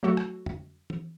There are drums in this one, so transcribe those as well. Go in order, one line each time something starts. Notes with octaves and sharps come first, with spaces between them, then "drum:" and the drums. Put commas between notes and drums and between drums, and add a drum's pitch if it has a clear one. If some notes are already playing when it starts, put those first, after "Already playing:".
F#3 A3 F#4 A4
drum: rim click
drum: tom F2
drum: tom